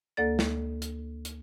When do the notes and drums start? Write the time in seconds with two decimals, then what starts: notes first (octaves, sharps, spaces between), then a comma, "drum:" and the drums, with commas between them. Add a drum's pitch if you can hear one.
0.17 D2 A#3 A4 D5 A6
0.39 drum: snare
0.82 drum: hi-hat
1.25 drum: hi-hat